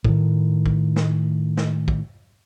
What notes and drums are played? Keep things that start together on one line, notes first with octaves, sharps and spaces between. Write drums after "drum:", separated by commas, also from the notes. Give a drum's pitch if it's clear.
A2 D#3, drum: kick
drum: kick
drum: snare
drum: snare
drum: kick